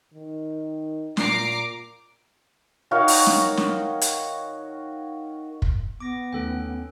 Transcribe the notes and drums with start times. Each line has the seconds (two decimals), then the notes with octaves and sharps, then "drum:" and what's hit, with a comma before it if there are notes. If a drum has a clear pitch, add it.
0.14 D#3
1.17 A#2 A#5 D6 C7, drum: snare
2.91 D#3 F#4 C#5 F5
3.08 drum: open hi-hat
3.26 drum: snare
3.57 drum: snare
4.01 drum: hi-hat
5.62 drum: kick
6.00 B3 D6 A#6
6.33 D#2 D#3 A3 C#4 A4 G5